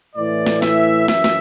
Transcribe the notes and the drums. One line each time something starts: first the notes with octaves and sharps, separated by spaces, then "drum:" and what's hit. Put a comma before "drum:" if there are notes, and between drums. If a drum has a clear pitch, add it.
A2 E3 D5
drum: snare
E5, drum: snare
F#2 E3 E5, drum: snare
drum: snare